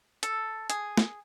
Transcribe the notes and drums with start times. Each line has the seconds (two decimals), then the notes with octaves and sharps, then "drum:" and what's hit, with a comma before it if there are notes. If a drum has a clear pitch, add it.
0.23 A4, drum: hi-hat
0.70 G#4, drum: hi-hat
0.97 drum: snare